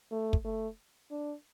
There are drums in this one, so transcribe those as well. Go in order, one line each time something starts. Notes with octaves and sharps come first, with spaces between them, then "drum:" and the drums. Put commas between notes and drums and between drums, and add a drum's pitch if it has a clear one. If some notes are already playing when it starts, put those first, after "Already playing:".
A3
drum: kick
A3
D4